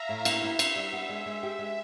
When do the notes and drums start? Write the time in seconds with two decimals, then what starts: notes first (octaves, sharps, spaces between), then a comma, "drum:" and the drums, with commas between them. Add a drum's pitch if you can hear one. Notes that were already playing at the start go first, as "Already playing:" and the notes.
Already playing: E5 F5 A#5
0.09 A2
0.25 A#3 E5, drum: cymbal
0.43 E4
0.59 E4, drum: cymbal
0.76 G3
0.93 B3
1.09 G#3
1.26 G#3
1.43 G4
1.59 G#3